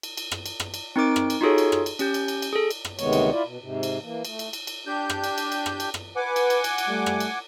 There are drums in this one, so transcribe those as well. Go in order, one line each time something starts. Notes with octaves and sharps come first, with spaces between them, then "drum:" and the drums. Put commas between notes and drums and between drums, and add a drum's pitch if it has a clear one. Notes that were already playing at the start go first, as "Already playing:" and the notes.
drum: cymbal
drum: cymbal
drum: rim click
drum: cymbal
drum: rim click
drum: cymbal
C4 D#4 A#4 D6 D7
drum: rim click
drum: cymbal
D#4 F4 F#4 G#4 A4 C#5
drum: cymbal
drum: rim click
drum: cymbal
C#4 G4 G6, drum: cymbal
drum: cymbal
drum: cymbal
drum: cymbal
G#4 A4
drum: cymbal
drum: rim click
D2 C3 D#3 G#3 B3 C#5, drum: cymbal
drum: cymbal
E4 F4 D5
B2
G#2 C3
drum: cymbal
E3 A#3
A3, drum: cymbal
drum: cymbal
drum: cymbal
drum: cymbal
D4 G4 G6
drum: rim click
drum: cymbal
drum: cymbal
drum: cymbal
drum: rim click
drum: cymbal
drum: rim click
B4 F#5 G#5 D6
drum: cymbal
drum: cymbal
drum: cymbal
drum: cymbal
G3 A3
drum: rim click
drum: cymbal